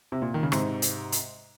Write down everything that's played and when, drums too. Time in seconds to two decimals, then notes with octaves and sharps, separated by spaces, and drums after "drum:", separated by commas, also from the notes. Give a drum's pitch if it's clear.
0.12 C3
0.22 A#2
0.34 D#3
0.43 C#3
0.52 G#2 C3, drum: rim click
0.82 drum: hi-hat
1.12 drum: hi-hat